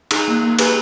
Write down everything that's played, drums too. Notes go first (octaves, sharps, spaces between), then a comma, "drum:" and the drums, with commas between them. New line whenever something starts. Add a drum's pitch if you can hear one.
D#4 G#4, drum: cymbal
A#3
A#3
G4 G#4 B4, drum: cymbal